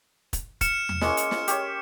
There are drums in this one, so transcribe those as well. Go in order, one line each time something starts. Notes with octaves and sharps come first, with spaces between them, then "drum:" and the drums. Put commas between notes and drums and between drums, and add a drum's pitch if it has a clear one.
drum: kick, hi-hat
F6 C#7 E7, drum: kick, hi-hat
drum: tom E2
G#3 A#3 C#4, drum: snare
drum: hi-hat
drum: snare
G4 C#5, drum: hi-hat